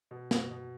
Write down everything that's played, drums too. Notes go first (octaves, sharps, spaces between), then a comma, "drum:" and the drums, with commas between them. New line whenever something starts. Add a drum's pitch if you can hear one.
B2
B2, drum: snare
B2